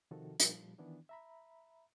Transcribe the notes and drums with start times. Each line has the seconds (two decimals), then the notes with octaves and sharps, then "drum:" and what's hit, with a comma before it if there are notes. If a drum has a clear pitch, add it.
0.11 C3 D#3 F3 F#4 A4
0.40 A#2 F3 G3, drum: hi-hat
0.78 D#3 E3 B3 D4 E4
1.09 E5 A#5 B5